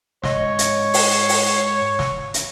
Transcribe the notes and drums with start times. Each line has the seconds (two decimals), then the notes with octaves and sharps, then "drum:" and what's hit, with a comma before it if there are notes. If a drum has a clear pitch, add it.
0.24 G#2 C#5 D#5, drum: snare
0.59 drum: hi-hat
0.94 drum: open hi-hat
1.29 drum: open hi-hat
1.99 drum: snare
2.34 drum: hi-hat